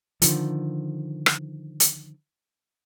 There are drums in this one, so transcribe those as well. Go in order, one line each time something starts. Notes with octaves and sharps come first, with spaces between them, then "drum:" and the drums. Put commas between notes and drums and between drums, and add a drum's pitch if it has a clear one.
D3 D#3 F3, drum: hi-hat
drum: rim click
drum: hi-hat